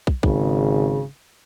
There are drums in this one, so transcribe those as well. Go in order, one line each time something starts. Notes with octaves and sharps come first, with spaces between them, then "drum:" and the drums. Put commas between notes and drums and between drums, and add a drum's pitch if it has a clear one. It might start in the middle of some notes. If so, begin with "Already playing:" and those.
drum: kick
G#1 C#3, drum: kick